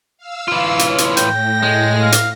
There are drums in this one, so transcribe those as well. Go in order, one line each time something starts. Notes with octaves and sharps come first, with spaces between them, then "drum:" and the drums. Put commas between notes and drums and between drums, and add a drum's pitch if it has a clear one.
F5 E6
E3 F4
C#5, drum: hi-hat
drum: hi-hat
A2 G5 A#6, drum: hi-hat
G#3
F5
drum: hi-hat